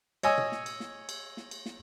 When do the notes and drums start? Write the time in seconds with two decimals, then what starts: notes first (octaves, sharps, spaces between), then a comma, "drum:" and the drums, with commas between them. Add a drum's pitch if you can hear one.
0.23 C#5 D#5 G#5 E6, drum: cymbal
0.38 drum: tom A#2
0.52 drum: snare
0.66 drum: cymbal
0.80 drum: snare
1.09 drum: cymbal
1.37 drum: snare
1.51 drum: cymbal
1.66 drum: snare